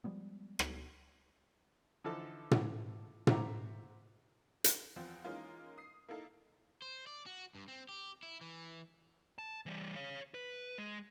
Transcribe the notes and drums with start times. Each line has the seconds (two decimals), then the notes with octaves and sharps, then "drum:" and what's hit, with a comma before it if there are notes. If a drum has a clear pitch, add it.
0.04 F3 G3 G#3 B3
0.59 drum: rim click
2.04 D3 E3 F3 D#4 A4 A5
2.51 drum: tom
3.27 C5 E5 F#5 A#5 D6, drum: tom
4.64 drum: hi-hat
4.96 E2 F3 C4
5.24 E3 G#3 A#3 C#4 D#4 F4
5.78 D#6 C7
6.09 A#3 D#4 E4 A4 F5
6.82 C5
7.07 D5
7.26 F#4
7.55 G2
7.68 C4
7.89 G4
8.23 E4
8.41 E3
9.38 A5
9.66 E3 G3
9.96 C#5 F5
10.34 B4
10.78 G#3